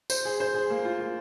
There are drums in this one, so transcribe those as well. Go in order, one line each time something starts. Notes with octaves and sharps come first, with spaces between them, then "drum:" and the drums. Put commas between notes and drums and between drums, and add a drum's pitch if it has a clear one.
C5, drum: tambourine
G#4
C5
G#4
A#3
F4
A#3